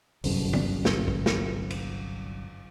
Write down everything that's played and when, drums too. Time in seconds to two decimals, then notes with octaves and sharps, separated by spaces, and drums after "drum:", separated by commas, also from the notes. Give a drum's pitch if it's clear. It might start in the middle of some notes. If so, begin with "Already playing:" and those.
0.24 G1 C2 F#2 C3, drum: open hi-hat
0.53 drum: tom
0.85 drum: snare
1.08 drum: kick
1.26 drum: snare
1.70 drum: cymbal